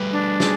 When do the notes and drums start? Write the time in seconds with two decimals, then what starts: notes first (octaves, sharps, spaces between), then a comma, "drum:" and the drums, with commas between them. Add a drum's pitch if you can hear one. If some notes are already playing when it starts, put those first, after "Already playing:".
Already playing: G3 A3 B4
0.10 D4
0.40 G#4, drum: snare